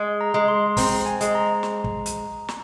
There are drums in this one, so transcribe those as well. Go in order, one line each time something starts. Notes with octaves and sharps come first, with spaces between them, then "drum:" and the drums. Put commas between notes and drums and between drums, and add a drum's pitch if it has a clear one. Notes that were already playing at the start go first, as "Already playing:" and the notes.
Already playing: G#3 G#4
A#5
G#3
C6
C4 A#5, drum: kick, open hi-hat
G#5
G#3, drum: hi-hat
A#5
drum: snare
drum: kick
drum: hi-hat
drum: snare